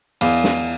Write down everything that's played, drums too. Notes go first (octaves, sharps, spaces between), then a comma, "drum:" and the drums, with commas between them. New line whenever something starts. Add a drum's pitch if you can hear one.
E2 F5, drum: cymbal
drum: snare